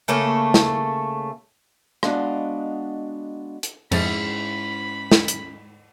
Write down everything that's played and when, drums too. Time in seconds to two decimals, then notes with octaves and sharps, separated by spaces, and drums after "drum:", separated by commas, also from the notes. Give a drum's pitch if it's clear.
0.08 C#3 A3 A#3 A4
0.54 drum: snare
2.03 G#3 B3 D4 F#4 D#5 F5, drum: rim click
3.63 drum: hi-hat
3.92 F2 G#2 F3 C#4 E4 G#4 B5 A6, drum: cymbal
5.11 drum: snare
5.28 drum: hi-hat